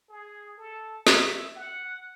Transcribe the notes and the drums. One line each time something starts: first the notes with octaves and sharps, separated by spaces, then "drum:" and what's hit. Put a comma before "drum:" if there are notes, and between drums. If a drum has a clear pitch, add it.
G#4
A4
E5, drum: snare
F#5